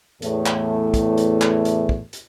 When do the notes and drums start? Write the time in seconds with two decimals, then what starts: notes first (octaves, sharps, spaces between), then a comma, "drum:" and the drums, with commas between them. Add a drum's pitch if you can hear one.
0.22 E2 A2 A3, drum: hi-hat
0.46 drum: clap
0.94 drum: kick, hi-hat
1.18 drum: hi-hat
1.41 drum: clap
1.65 drum: hi-hat
1.89 drum: kick
2.13 drum: hi-hat